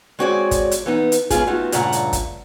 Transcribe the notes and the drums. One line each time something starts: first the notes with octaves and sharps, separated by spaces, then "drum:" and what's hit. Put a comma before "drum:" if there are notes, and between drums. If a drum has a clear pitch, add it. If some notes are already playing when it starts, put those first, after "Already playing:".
G#3 C4 F#4 G#4 C#5 D5
drum: kick G1, hi-hat
drum: hi-hat
E3 B3 D#4
drum: hi-hat
C#3 G#3 B3 F4 G#4, drum: kick G1, hi-hat
A3 B3 D#4 F4 F#4
G2 A#2 C#3 A3 F#5 A#5, drum: hi-hat
drum: hi-hat
drum: kick G1, hi-hat